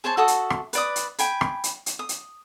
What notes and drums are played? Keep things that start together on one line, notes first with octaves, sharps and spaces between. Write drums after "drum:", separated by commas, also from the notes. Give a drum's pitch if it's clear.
G#4 C5 C#5 A5
F#4 A4 E5 D#6
drum: hi-hat
drum: rim click
B4 D5 D#6, drum: hi-hat
drum: hi-hat
G5 G#5 B5, drum: hi-hat
drum: rim click
drum: hi-hat
drum: hi-hat
D#6
drum: hi-hat